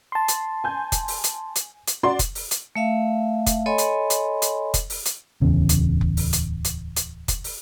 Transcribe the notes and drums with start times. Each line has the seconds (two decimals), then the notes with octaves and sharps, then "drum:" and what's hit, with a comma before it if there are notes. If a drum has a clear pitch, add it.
0.12 A5 C6
0.28 drum: hi-hat
0.64 G#5 G6
0.92 drum: kick F1, hi-hat
1.08 drum: open hi-hat
1.24 drum: hi-hat
1.56 drum: hi-hat
1.87 drum: hi-hat
2.03 F#4 D5 C6
2.19 drum: kick F1, hi-hat
2.35 drum: open hi-hat
2.51 drum: hi-hat
2.76 A3 E5 F5
3.47 drum: kick F1, hi-hat
3.66 A4 C#5 D#5 G#5 B5 C6
3.78 drum: hi-hat
4.10 drum: hi-hat
4.42 drum: hi-hat
4.74 drum: kick F1, hi-hat
4.90 drum: open hi-hat
5.06 drum: hi-hat
5.42 D1 E2 C#3
5.69 drum: hi-hat
6.01 drum: kick F1
6.17 drum: open hi-hat
6.33 drum: hi-hat
6.65 drum: hi-hat
6.96 drum: hi-hat
7.28 drum: kick F1, hi-hat
7.44 drum: open hi-hat